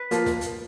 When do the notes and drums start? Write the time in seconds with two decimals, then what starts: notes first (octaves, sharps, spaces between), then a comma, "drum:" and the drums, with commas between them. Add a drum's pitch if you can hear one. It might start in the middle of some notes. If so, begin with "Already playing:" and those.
Already playing: B4
0.11 F3 A#3 F4, drum: hi-hat
0.26 drum: snare
0.41 drum: hi-hat